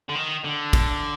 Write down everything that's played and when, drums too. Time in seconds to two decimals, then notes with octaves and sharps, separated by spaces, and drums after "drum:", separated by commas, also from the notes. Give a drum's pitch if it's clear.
0.09 D3
0.15 D#3
0.44 D3
0.73 drum: kick, cymbal